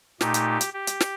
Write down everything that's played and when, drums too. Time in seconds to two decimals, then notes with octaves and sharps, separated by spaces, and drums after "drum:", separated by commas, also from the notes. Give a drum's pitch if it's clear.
0.21 A#2 A3 D#4 G4, drum: snare
0.34 drum: hi-hat
0.61 drum: hi-hat
0.74 G4
0.87 drum: hi-hat
1.00 drum: snare